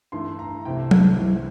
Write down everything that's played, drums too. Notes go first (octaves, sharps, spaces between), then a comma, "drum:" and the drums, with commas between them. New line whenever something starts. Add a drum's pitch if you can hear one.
G2 E3 A3 C6
A#5
C2 C3 E3 A3 G5
drum: tom F#3
C2 C3 E3